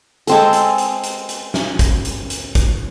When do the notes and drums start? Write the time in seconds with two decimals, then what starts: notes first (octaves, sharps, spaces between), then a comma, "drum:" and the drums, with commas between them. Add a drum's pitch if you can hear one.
0.27 G#3 C4 A4, drum: hi-hat
0.53 drum: hi-hat
0.78 drum: hi-hat
1.03 drum: hi-hat
1.29 drum: hi-hat
1.54 drum: snare
1.79 drum: kick G#1, hi-hat
2.05 drum: hi-hat
2.30 drum: hi-hat
2.55 drum: kick G#1, hi-hat